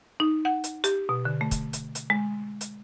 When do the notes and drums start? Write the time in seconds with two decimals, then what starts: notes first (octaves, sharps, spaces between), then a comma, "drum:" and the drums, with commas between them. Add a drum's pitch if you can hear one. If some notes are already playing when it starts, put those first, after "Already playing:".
0.20 D#4
0.45 F#5
0.64 drum: hi-hat
0.84 G4, drum: hi-hat
1.09 B2
1.25 D3
1.41 A3
1.51 drum: kick, hi-hat
1.73 drum: hi-hat
1.95 drum: hi-hat
2.10 G#3
2.61 drum: hi-hat